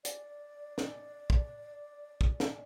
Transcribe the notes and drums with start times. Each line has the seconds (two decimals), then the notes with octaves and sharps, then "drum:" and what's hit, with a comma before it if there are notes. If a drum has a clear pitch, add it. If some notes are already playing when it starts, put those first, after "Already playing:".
0.05 D5, drum: hi-hat
0.78 drum: snare
1.30 drum: kick
2.21 drum: kick
2.40 drum: snare